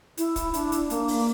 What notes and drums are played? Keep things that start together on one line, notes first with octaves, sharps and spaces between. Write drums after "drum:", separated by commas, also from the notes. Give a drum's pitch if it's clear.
E4, drum: hi-hat
drum: kick, hi-hat
D4, drum: hi-hat
drum: hi-hat
A#3, drum: hi-hat
drum: open hi-hat